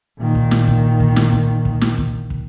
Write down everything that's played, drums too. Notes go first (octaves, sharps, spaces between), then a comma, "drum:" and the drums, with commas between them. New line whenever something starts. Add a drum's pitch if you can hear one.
A#2 D#3
drum: kick
drum: snare
drum: kick
drum: kick
drum: snare
drum: kick
drum: kick
drum: snare
drum: kick
drum: kick